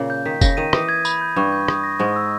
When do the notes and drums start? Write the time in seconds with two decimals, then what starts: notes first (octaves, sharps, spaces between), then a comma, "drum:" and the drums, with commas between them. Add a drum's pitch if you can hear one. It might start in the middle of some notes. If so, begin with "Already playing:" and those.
Already playing: A#2 C#3 A#3
0.10 G6
0.25 D#3 B6
0.41 C#3 A#6, drum: kick F1, tambourine
0.57 D#3 D#7
0.73 E3 D#6, drum: rim click
0.89 G#6
1.05 B5, drum: tambourine
1.21 G6
1.36 G2 G3 C#6
1.52 G6
1.68 D#6, drum: rim click
1.83 A#6
1.99 G#2 G#3 C#6
2.16 E6